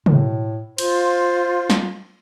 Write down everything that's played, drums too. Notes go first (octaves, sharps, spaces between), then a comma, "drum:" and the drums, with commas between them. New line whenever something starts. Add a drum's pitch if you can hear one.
A2, drum: tom
F4 C5, drum: cymbal
drum: snare